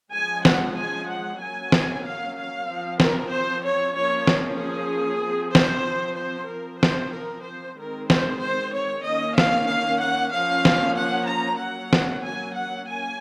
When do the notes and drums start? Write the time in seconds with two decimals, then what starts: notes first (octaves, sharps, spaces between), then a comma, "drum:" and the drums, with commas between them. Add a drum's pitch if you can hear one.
0.12 F3 G#3 C#4 G#5
0.45 F#5, drum: snare
0.77 G#5
1.09 F#5
1.40 F#3 A#3 C#4 G#5
1.72 drum: snare
2.04 F5
2.36 F5
2.68 F3 C4
3.00 A#4, drum: snare
3.31 C5
3.64 C#5
3.95 F3 A#3 C#4 C#5
4.27 drum: snare
4.59 G#4
5.23 F3 C4
5.55 C5, drum: snare
6.19 C5
6.50 F3 C4 A#4
6.83 C5, drum: snare
7.15 A#4
7.46 C5
7.78 D#3 G#3 C4 A#4
8.10 C5, drum: snare
8.42 C5
8.73 C#5
9.06 D#3 A#3 C#4 D#5
9.38 F5, drum: snare
9.70 F5
10.01 F#5
10.33 F3 A#3 C#4 F5
10.65 drum: snare
10.97 F#5
11.29 A#5
11.61 F#3 A#3 C#4 F#5
11.93 drum: snare
12.25 G#5
12.56 F#5
12.88 A#3 C#4 G#5